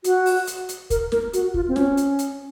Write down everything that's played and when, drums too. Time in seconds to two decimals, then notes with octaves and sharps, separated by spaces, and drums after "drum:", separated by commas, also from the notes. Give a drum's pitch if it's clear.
0.04 F#4, drum: hi-hat
0.26 drum: open hi-hat
0.47 drum: hi-hat
0.69 drum: hi-hat
0.90 A#4, drum: kick, hi-hat
1.12 A#4, drum: snare
1.33 F#4, drum: hi-hat
1.54 F4, drum: kick
1.68 C4
1.76 C#4, drum: snare
1.97 drum: hi-hat
2.19 drum: hi-hat